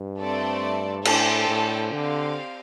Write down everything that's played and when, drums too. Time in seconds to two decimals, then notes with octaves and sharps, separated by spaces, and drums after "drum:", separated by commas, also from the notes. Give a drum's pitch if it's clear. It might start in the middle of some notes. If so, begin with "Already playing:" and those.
Already playing: G2
0.19 A3 C4 A4 D5
1.05 A2 D4 A4 C5 G5, drum: cymbal
1.48 A2
1.92 D3 C4 G4 D5 F5